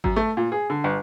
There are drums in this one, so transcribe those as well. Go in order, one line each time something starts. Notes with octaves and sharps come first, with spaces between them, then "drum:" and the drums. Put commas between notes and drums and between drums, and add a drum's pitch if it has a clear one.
F#2, drum: kick G#1
A3
A#2
G#4
D3
G1